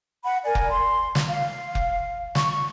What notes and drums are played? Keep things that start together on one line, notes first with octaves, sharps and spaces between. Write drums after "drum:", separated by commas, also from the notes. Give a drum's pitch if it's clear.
F#5 B5
A#4 D5 G#5
drum: kick F1
C6
drum: snare
F5
drum: kick F1
C#6, drum: snare